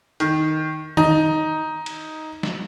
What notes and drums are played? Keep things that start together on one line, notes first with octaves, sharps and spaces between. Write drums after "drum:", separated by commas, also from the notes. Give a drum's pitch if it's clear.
D#3, drum: hi-hat
D#4, drum: tom D#3
drum: cymbal
drum: snare